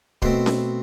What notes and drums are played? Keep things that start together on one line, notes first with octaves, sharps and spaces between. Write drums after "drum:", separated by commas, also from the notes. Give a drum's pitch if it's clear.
B2 A3 C4 C6, drum: kick C#1
drum: snare C#4